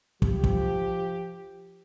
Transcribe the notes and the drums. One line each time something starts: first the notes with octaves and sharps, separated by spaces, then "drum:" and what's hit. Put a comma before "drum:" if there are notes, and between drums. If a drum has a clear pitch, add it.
F3 G4, drum: kick
drum: kick